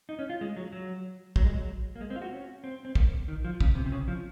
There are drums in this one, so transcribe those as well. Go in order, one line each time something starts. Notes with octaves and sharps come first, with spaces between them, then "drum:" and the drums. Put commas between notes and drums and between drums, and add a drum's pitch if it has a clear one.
D#4
C#4
F4
G#3
F#3
F#3
F#3, drum: kick
G#3
F#3
A#3
G#3
C4
F4
F#4
C#4
C4
C4
A#3, drum: kick
D#3
F3
C#3, drum: kick
C3
C3
C#3
F3